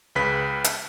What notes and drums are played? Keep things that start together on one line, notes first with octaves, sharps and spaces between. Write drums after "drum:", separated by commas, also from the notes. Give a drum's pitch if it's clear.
C#2 C#3 B4 B5 B6
drum: hi-hat